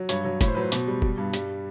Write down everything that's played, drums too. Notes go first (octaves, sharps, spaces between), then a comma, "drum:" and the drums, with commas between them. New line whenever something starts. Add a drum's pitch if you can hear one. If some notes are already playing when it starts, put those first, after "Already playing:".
Already playing: F#3
G2 C#5, drum: hi-hat
F#3
A2 C#5, drum: kick, hi-hat
C5
F#3 B4
C5
B2, drum: hi-hat
G3
G3, drum: kick
G2
G3, drum: hi-hat